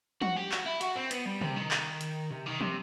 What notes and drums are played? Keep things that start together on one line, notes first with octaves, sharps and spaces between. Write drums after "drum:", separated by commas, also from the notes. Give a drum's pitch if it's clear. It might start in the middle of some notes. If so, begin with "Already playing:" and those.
F#4, drum: tom
G4
F#4, drum: clap
E4
F#4, drum: hi-hat
C4
B3, drum: hi-hat
G3
C3, drum: tom
D#3
drum: clap
drum: hi-hat
C3
D#3
C3, drum: tom